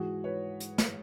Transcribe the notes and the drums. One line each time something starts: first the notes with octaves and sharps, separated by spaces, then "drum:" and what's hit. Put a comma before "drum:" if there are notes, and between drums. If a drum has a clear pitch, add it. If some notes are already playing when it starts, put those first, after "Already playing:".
Already playing: G#2 E3 F#4 G#4
B4 C#5
drum: hi-hat
drum: snare